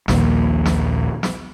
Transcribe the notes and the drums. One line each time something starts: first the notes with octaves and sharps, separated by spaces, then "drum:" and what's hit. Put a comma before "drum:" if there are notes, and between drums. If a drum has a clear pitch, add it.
A#1 D#2 A#2, drum: snare
drum: snare
drum: snare